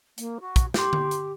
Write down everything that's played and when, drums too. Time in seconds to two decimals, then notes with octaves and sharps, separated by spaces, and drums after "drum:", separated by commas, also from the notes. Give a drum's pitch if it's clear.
0.18 A#3, drum: hi-hat
0.40 F#4
0.56 drum: kick, hi-hat
0.74 G4 C6 D6 G6, drum: snare
0.93 drum: tom D3
1.11 drum: hi-hat